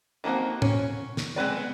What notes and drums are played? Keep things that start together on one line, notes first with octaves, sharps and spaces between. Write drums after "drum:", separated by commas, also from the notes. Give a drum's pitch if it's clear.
D#3 F3 A#3 C4 F#4
C#4, drum: tom
drum: snare
G#3 C4 B4 D5
B3